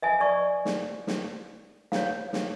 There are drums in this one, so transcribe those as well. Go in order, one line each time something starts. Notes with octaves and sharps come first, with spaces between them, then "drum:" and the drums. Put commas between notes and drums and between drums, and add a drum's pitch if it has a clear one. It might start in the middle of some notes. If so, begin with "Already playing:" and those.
D#5 E5 G#5
D5 C#6
drum: snare
drum: snare
C#5 F5, drum: snare
drum: snare